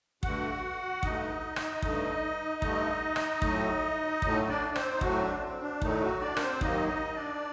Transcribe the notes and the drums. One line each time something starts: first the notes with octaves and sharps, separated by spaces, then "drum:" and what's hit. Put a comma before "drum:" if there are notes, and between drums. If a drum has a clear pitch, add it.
G2 D3 A3 F#4 F#5, drum: kick
G2 D3 A3 D#4 D#5, drum: kick
drum: rim click
G2 D3 A3, drum: kick
G2 D3 A3, drum: kick
drum: rim click
A2 F#3 A3, drum: kick
A2 F#3 A3, drum: kick
D4 D5
D5
C4 C5, drum: rim click
D#4
A2 F#3 A3 F#4, drum: kick
D4
C4
D4
A2 D#3 F#3 A3 D#4, drum: kick
F#3 F#4
D4 D5
A#4, drum: rim click
C4 C5
D#2 D#3 F#3 A#3 D#4 D#5, drum: kick
D#4 D#5
D4 D5